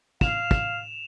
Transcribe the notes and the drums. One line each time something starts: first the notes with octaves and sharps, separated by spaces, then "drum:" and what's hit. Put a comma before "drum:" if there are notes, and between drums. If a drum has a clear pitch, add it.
F5 E7 F7, drum: kick
drum: kick